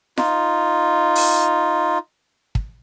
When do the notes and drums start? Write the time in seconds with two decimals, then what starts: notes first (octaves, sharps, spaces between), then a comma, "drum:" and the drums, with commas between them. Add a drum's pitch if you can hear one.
0.17 D#4 F4, drum: snare F4
1.15 drum: open hi-hat
2.55 drum: kick